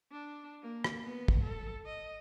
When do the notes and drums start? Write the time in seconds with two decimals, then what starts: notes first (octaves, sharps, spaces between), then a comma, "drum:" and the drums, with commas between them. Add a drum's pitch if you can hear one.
0.12 D4
0.62 A#3
0.84 drum: rim click
1.04 B3
1.28 drum: kick
1.43 A4
1.86 D#5